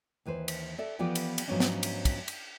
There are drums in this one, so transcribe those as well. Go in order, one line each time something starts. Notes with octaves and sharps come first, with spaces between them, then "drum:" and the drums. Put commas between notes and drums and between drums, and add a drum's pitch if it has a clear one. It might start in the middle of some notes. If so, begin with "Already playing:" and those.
D#2 E3 B4 C5
drum: cymbal
A4 D5 E5
E3 F3 B3 G4 A4 D5
drum: cymbal
drum: cymbal
G#2 F3 F#3 B3 C#4 D4
drum: snare
drum: cymbal
drum: kick, cymbal
drum: cymbal